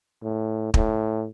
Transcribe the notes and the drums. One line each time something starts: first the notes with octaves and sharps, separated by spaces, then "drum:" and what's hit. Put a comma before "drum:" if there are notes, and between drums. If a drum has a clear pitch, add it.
A2
A2, drum: kick